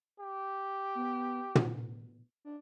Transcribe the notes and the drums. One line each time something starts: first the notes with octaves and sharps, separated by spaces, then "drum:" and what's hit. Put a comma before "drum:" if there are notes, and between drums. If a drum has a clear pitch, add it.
G4
B3
drum: tom
D4